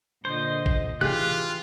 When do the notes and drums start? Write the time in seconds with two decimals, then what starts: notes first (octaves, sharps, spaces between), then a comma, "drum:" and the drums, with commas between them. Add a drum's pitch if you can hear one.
0.25 A#2 D3 C5 D#5
0.66 drum: kick A1
1.01 E3 F4 G4 G#4 F#6, drum: tom C3